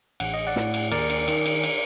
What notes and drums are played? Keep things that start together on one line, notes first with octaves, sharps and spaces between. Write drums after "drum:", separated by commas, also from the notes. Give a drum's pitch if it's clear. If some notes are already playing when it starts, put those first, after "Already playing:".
A1 F#5, drum: cymbal
D#5
D5 F#5
A2, drum: snare
drum: cymbal
D#2 A#4 D5, drum: cymbal
drum: cymbal
D#3, drum: cymbal
drum: cymbal
drum: cymbal